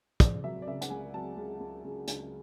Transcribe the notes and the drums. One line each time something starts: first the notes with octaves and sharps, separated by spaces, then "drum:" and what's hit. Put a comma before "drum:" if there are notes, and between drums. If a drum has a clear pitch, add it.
C#2 D5, drum: kick, hi-hat
F#3 E5
D5
C#3 E5
F#5, drum: hi-hat
C#2 G#5
F#3 A5
C#2
C#2
C#2
C#2, drum: hi-hat